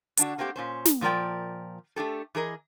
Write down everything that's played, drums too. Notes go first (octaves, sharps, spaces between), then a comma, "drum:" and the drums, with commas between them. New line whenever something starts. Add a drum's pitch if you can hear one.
D3 D4 F#4, drum: hi-hat
A3 A#3 C4 F#4 G4
A#2 C#4 C5
drum: snare
A#2 F3 A#4 D5 G5
A3 D4 G4 A4
E3 G#4 A#4 D#5